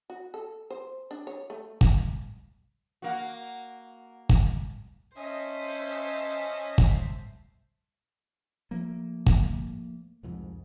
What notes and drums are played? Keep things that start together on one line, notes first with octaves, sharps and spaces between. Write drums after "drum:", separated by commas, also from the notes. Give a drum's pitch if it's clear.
F#4
A4
C5
D4
C#5
A3
drum: kick
A#3 F#4
drum: kick
C#4 C5 D#5 E5 A5
drum: kick
F3 A3 A#3
drum: kick
C2 F2 G#2